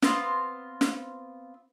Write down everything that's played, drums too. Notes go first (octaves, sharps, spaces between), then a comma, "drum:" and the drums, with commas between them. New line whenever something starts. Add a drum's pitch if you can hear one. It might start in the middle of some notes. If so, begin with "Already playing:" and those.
B3 C4 F4, drum: snare
drum: snare